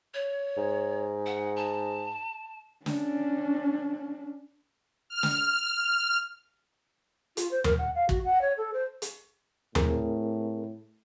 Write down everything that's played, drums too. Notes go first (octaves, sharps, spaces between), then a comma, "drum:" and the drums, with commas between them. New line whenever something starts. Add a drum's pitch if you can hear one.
C#5
G#2
F#5
A5
C#4 D4, drum: snare
F6
drum: snare
F4, drum: hi-hat
C5
A#4, drum: tom D#2
F#5
F5
F#4, drum: kick
F#5
C#5
A4
C5
drum: hi-hat
A2 C4 G#4 A#4, drum: tom D#2